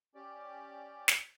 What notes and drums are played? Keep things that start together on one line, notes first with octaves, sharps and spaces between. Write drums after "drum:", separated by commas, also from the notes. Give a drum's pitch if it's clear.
C#4 G4 D5
drum: snare